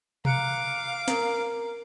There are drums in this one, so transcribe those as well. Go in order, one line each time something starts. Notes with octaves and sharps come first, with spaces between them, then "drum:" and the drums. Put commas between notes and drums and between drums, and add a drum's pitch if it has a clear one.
F5 A#5 D6 F#6 C#7, drum: tom B2
A#4 A#5, drum: snare